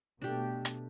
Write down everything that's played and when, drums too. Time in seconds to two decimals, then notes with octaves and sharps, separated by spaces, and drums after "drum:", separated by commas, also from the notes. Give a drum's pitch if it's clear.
0.22 B2 A3 D4 G4
0.65 drum: hi-hat